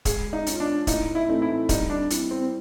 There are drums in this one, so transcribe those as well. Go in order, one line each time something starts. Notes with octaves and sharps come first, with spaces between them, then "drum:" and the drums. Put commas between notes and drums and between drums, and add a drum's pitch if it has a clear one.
G#3 G#4, drum: kick, hi-hat
D#4
C#4 F4, drum: hi-hat
D4
A2 D#4, drum: kick, hi-hat
E4
E3 A3 C4 D#4
E4
G3 D#4, drum: kick, hi-hat
D4
C4 E4, drum: hi-hat
C4